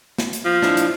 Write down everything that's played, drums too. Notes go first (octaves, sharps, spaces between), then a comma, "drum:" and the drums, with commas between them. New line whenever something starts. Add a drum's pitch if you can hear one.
drum: snare
drum: hi-hat
F3
D4 E4, drum: snare
drum: hi-hat